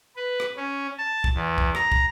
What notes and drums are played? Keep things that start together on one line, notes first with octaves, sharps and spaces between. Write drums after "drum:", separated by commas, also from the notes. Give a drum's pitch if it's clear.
B4
drum: rim click
C#4
A5
drum: kick
E2
drum: kick
A#5, drum: rim click
drum: kick